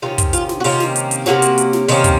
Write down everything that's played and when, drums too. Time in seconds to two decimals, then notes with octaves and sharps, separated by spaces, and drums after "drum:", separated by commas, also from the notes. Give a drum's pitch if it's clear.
0.02 C3 D#3 A#3 C#4 F4
0.18 drum: kick, hi-hat
0.33 F4, drum: hi-hat
0.49 drum: snare
0.60 F#4
0.64 C3 D#3 A#3 C#4 F4, drum: open hi-hat
0.80 drum: snare
0.96 drum: hi-hat
1.11 drum: hi-hat
1.26 C3 D#3 A#3 C#4 F#4, drum: snare
1.42 drum: hi-hat
1.58 drum: hi-hat
1.73 drum: snare
1.88 C3 D#3 A#3 C#4, drum: open hi-hat
2.04 drum: kick, hi-hat